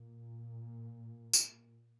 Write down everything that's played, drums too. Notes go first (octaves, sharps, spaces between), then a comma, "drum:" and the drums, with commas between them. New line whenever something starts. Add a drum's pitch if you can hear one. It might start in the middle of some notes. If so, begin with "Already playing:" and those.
Already playing: A#2
drum: tambourine